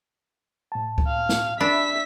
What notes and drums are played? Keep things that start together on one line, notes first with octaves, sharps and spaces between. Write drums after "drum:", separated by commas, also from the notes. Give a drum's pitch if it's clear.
A2 A5
drum: kick C#2
F5
drum: snare
D4 E5 B5 B6